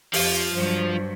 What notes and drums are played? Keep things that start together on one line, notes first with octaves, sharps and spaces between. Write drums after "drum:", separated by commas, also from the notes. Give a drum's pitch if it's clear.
F2 F3 F4 G4, drum: open hi-hat
G2 F#3 C5